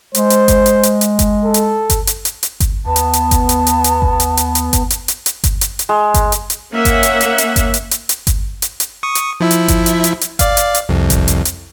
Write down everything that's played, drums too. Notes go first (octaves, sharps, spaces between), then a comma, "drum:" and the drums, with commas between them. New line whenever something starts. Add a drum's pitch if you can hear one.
G#3 C5, drum: hi-hat
drum: hi-hat
drum: kick G1, hi-hat
drum: hi-hat
drum: hi-hat
drum: hi-hat
drum: kick G1, hi-hat
A4
drum: hi-hat
drum: kick G1, hi-hat
drum: hi-hat
drum: hi-hat
drum: hi-hat
drum: kick G1, hi-hat
D#2 B3 A5
drum: hi-hat
drum: hi-hat
drum: kick G1, hi-hat
drum: hi-hat
drum: hi-hat
drum: hi-hat
drum: kick G1
drum: hi-hat
drum: hi-hat
drum: hi-hat
drum: kick G1, hi-hat
drum: hi-hat
drum: hi-hat
drum: hi-hat
drum: kick G1, hi-hat
drum: hi-hat
drum: hi-hat
G#3
drum: kick G1, hi-hat
drum: hi-hat
drum: hi-hat
A#3 C#4 E5 F#5
drum: kick G1, hi-hat
drum: hi-hat
drum: hi-hat
drum: hi-hat
drum: kick G1, hi-hat
drum: hi-hat
drum: hi-hat
drum: hi-hat
drum: kick G1, hi-hat
drum: hi-hat
drum: hi-hat
C#6 D#6
drum: hi-hat
F3 E4 E5
drum: hi-hat
drum: kick G1, hi-hat
drum: hi-hat
drum: hi-hat
drum: hi-hat
D5 F5, drum: kick G1, hi-hat
drum: hi-hat
drum: hi-hat
C2 F2
drum: kick G1, hi-hat
drum: hi-hat
drum: hi-hat